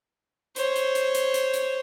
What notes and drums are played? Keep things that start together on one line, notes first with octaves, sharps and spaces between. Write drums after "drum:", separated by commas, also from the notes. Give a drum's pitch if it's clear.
C5 C#5, drum: hi-hat
drum: hi-hat
drum: hi-hat
drum: hi-hat
drum: hi-hat
drum: hi-hat